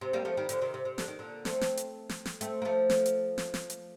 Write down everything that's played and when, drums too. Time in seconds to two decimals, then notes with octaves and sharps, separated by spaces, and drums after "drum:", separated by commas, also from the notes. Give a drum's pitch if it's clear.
0.01 C3
0.13 G3 A#3
0.25 F3 A3
0.37 D#3 G3
0.49 D3 F3, drum: hi-hat
0.62 C3 D#3
0.74 C3
0.85 C3
0.98 D3, drum: snare
1.08 D#3
1.19 A#2 D3
1.45 A3 C4, drum: snare
1.61 drum: snare
1.77 drum: hi-hat
2.09 drum: snare
2.25 drum: snare
2.41 A3 C4, drum: hi-hat
2.62 A#3
2.65 F3 A3
2.90 drum: snare
3.06 drum: hi-hat
3.38 drum: snare
3.54 drum: snare
3.70 drum: hi-hat